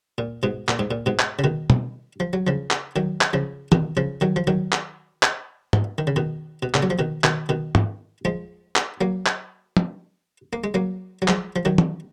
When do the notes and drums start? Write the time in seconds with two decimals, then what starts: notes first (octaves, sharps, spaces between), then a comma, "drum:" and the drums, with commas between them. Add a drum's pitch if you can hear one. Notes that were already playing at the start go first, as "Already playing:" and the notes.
0.18 A#2
0.43 G#2 B2
0.68 A#2, drum: clap
0.79 G#2
0.91 A#2
1.06 G#2 B2
1.19 drum: clap
1.39 C#3
1.44 B2 D#3
1.70 drum: tom
2.20 F3
2.33 F#3
2.47 C#3 F3
2.71 drum: clap
2.96 D#3 F#3
3.21 drum: clap
3.33 C#3 F3
3.72 B2 D#3, drum: tom
3.97 C#3 F3
4.21 D#3 F#3
4.36 F3
4.47 D#3 F#3
4.72 drum: clap
5.23 drum: clap
5.73 drum: tom
5.98 D#3
6.07 C#3
6.16 B2 D#3
6.63 B2
6.74 A#2 C#3, drum: clap
6.83 F#3
6.90 F3
6.99 B2 D#3
7.24 B2 D#3, drum: clap
7.49 B2 D#3
7.75 drum: tom
8.25 F3 G#3
8.76 drum: clap
9.01 F#3 A#3
9.26 drum: clap
9.77 drum: tom
10.53 A#3
10.64 G#3
10.74 F#3 A#3
11.22 F#3
11.28 F3 G#3, drum: clap
11.56 F3
11.65 D#3 F#3
11.78 drum: tom